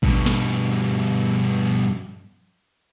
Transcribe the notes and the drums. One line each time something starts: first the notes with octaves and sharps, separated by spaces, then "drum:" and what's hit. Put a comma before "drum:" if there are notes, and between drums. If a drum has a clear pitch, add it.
G2 B2, drum: kick
drum: snare